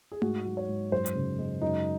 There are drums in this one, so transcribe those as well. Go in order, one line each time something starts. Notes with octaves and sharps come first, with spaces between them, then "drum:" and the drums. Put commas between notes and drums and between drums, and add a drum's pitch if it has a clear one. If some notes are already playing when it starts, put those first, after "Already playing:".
G#4
G#2 F#4, drum: tom A3
F#3
C#5
G#2
F#2 C5
drum: hi-hat
C#3
G#3
F#2 D#4